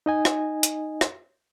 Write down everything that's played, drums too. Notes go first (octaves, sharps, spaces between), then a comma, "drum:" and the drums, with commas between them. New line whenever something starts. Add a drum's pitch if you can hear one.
D#4 D#5 G#5
drum: rim click
drum: hi-hat
drum: rim click